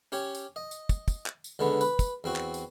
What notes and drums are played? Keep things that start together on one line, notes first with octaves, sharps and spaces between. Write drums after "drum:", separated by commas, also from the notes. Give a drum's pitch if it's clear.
C#4 G4 C#5
drum: tambourine
D#5
drum: tambourine
drum: kick, tambourine
drum: kick, tambourine
drum: clap
drum: tambourine
C#2 D3 G#3 B3
B4, drum: tambourine
drum: kick, tambourine
E2 C4 F#4
drum: clap
drum: tambourine